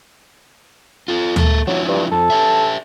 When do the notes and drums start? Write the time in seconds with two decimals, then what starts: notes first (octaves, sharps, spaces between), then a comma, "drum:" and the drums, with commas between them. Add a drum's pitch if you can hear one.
1.08 F4 A4
1.36 A#3 A4, drum: tom
1.67 F3 F#3 D4 E4
1.88 G2
2.12 F2 A4
2.30 G4 C#5 E5